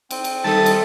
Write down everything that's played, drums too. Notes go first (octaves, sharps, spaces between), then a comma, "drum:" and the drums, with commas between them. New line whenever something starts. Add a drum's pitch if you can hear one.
C4, drum: cymbal
drum: cymbal
D#3 G3 A4 E5 A5 D#6
drum: cymbal